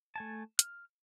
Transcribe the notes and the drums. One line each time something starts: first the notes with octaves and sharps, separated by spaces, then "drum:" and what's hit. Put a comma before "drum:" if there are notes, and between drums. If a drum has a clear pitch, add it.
A3 G#5 A5
F6, drum: hi-hat